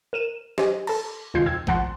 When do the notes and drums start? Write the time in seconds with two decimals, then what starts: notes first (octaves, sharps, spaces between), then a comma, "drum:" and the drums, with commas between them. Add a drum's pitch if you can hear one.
0.13 A#4 D#7 E7
0.58 G4 C5 D#5 G#5, drum: snare
0.87 A4 A5, drum: cymbal
1.34 C#2 B2 D#3 F4 G6 C7
1.46 F2 G5 E6 G#6
1.67 G#1 F3 F#5 A5 C6, drum: kick A#1